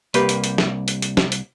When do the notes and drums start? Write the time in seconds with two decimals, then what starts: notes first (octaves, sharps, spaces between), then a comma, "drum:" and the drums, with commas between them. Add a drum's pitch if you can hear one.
0.14 C2 A#3 G4 B4, drum: hi-hat
0.29 drum: hi-hat
0.44 drum: hi-hat
0.58 drum: snare
0.88 drum: hi-hat
1.02 drum: hi-hat
1.17 drum: snare
1.32 drum: hi-hat